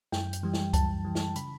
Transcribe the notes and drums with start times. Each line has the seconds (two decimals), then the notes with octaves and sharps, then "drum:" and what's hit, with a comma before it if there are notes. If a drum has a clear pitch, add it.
0.12 F#2 G5, drum: snare
0.33 drum: hi-hat
0.43 E3 G3
0.53 drum: snare
0.73 F#2 A5, drum: kick C#2, hi-hat
1.05 E3 G3
1.15 drum: snare
1.36 C#3 B5, drum: hi-hat